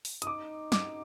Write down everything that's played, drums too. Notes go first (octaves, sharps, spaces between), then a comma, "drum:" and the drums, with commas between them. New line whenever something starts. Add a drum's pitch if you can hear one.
drum: open hi-hat
D#6, drum: hi-hat
D#4 D6
D6, drum: snare